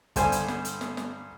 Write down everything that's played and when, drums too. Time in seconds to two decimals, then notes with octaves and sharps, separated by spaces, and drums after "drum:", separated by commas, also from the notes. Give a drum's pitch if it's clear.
0.16 B1 G2 D3 D4 C5 G#5, drum: kick, hi-hat
0.32 drum: hi-hat
0.48 drum: snare
0.65 drum: hi-hat
0.81 drum: snare
0.97 drum: snare